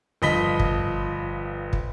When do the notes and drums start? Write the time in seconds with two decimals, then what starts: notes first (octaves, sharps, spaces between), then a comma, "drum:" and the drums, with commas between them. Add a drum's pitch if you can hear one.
0.22 G1 F3 D#5 B5 B6 G7
0.59 drum: kick
1.73 drum: kick